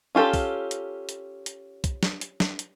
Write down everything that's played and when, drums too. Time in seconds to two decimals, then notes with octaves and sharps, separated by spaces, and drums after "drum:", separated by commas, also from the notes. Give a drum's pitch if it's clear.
0.15 C#4 F4 G4 A4
0.34 drum: kick, open hi-hat
0.71 drum: hi-hat
1.09 drum: hi-hat
1.46 drum: hi-hat
1.84 drum: kick, hi-hat
2.03 drum: snare
2.21 drum: hi-hat
2.40 drum: snare
2.59 drum: hi-hat